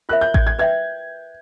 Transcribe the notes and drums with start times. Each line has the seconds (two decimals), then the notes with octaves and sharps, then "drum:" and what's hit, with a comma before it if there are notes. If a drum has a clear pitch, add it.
0.09 F4 A#4 C#5 E5 F#6
0.21 G6
0.34 G#6, drum: kick A1
0.47 G#6
0.59 B4 E5 G5 G#6